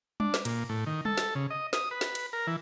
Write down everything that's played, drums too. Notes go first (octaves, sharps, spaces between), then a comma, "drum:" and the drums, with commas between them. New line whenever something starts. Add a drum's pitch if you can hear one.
D4, drum: tom G3
drum: snare
A#2, drum: cymbal
A2
D#3
A4, drum: tom G3
drum: snare
C#3
D#5
D#6, drum: snare
B4
drum: snare
drum: cymbal
A#4
E3